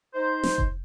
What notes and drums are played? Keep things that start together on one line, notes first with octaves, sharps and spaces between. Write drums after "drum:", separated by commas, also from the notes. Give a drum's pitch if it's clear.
D#4 C5
drum: snare
drum: kick F1